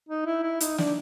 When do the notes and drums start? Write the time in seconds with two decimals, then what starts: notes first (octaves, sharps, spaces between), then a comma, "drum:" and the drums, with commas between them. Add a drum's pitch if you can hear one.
0.09 D#4
0.26 E4
0.43 E4
0.60 D#4, drum: hi-hat
0.78 D4, drum: snare